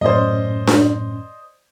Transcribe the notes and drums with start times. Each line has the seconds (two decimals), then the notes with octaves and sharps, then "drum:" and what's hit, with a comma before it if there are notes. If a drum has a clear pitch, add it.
0.01 F#2 A2 C#4 C5 D5 D#5
0.67 drum: snare D4